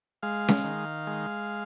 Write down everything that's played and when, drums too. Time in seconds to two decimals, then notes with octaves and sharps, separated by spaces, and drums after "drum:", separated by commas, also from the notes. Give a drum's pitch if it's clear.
0.23 G#3 F5
0.48 drum: snare C#4
0.64 D#3
1.07 G#3